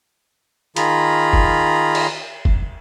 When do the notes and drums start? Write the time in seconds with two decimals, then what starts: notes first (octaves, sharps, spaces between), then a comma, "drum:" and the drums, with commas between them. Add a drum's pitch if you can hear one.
0.76 D#3 F4 G#4 A#5 B5, drum: hi-hat
1.33 drum: kick
1.95 drum: cymbal
2.45 drum: kick